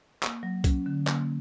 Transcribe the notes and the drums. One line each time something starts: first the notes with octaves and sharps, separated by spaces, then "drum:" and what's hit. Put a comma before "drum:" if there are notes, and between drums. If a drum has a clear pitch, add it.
A#3, drum: clap
F#3
C#4, drum: kick C2, hi-hat
D3
A#3, drum: clap